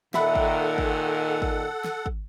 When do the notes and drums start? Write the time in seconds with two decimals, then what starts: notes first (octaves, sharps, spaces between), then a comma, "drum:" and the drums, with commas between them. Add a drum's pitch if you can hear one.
0.14 A#2 D#3 A4 E5 F#5 B5, drum: snare
0.35 drum: kick
0.78 drum: kick
1.42 drum: kick
1.84 drum: snare
2.06 drum: kick